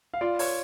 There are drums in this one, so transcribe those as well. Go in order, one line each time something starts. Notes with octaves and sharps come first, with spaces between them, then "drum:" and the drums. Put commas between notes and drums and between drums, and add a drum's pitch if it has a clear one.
F5
F4 D5
C#5, drum: open hi-hat